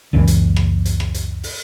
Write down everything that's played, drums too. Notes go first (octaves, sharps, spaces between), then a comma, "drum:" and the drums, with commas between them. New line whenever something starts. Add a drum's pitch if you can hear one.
C#2 F#2 A#2 E3
drum: hi-hat
drum: rim click
drum: hi-hat
drum: rim click
drum: hi-hat
drum: open hi-hat